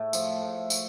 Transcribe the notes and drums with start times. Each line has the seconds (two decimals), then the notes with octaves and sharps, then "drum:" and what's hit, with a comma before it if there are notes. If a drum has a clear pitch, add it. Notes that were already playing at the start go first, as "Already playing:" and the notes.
Already playing: A2 A3
0.13 F3, drum: tambourine
0.42 A2
0.70 A3, drum: tambourine